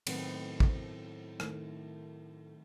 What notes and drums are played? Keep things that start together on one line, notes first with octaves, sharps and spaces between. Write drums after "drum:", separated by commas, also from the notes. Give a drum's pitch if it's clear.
A2 D#3 F#3 B3 C4, drum: cymbal
drum: kick
D#3 A3, drum: rim click